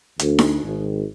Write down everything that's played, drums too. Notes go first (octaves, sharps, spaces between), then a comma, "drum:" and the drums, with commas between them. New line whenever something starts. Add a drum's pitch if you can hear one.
D2, drum: hi-hat
drum: snare D#4
G#1